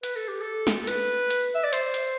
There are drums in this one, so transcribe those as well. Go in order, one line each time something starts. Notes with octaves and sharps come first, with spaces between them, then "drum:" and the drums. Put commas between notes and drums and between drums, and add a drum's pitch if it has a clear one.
B4, drum: hi-hat
A4
G4
A4
drum: snare
A4
B4, drum: hi-hat
drum: hi-hat
E5
D5
C5, drum: hi-hat
drum: hi-hat